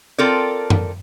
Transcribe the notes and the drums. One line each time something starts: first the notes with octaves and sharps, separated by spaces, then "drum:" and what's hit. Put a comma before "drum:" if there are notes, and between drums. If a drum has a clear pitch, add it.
C4 F4 A4 A#4 D5
drum: tom F#2